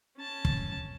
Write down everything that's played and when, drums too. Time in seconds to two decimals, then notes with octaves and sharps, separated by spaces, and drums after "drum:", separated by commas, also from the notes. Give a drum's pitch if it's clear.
0.17 C#4 A5
0.45 drum: kick